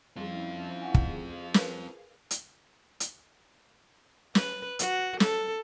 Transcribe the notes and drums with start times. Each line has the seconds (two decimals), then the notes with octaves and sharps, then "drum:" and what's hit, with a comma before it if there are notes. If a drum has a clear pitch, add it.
0.16 F3 G3 C4 C#4 E4 F4 G#4
0.82 E4 G#4 F5 F#5 G#5
0.94 drum: kick
1.54 A#4 B4, drum: snare
2.31 drum: hi-hat
3.00 drum: hi-hat
4.35 B4, drum: snare
4.79 F#4, drum: hi-hat
5.20 A4, drum: snare